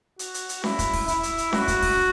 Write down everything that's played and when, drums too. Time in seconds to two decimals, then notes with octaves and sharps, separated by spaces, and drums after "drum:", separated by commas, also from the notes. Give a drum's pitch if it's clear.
0.19 F#4, drum: hi-hat
0.34 drum: hi-hat
0.49 drum: hi-hat
0.64 E4, drum: snare C#4
0.79 drum: kick, hi-hat
0.94 drum: kick, open hi-hat
1.08 E4, drum: hi-hat
1.23 drum: hi-hat
1.38 drum: hi-hat
1.53 F#4, drum: snare C#4
1.68 drum: kick, hi-hat
1.83 drum: kick, open hi-hat